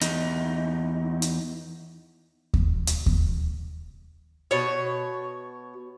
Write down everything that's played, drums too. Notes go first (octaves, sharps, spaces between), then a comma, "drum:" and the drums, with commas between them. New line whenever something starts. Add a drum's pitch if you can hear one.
E2 D#4, drum: hi-hat
drum: hi-hat
drum: kick D#2
drum: hi-hat
drum: kick D#2
B2 C#5